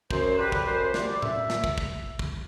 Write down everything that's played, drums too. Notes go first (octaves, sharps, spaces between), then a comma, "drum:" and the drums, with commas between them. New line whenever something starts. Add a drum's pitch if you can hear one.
F#2 C5, drum: kick
D3 G3 B4
drum: kick
F#2 C5
D3 G3 D5, drum: snare
E5, drum: tom A2
drum: snare
drum: kick
drum: kick
drum: kick